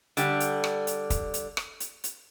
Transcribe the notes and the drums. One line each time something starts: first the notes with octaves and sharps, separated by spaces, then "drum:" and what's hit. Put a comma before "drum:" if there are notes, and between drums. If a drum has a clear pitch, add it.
D3 G3, drum: hi-hat
drum: hi-hat
drum: rim click
drum: hi-hat
drum: kick, hi-hat
drum: hi-hat
drum: rim click
drum: hi-hat
drum: hi-hat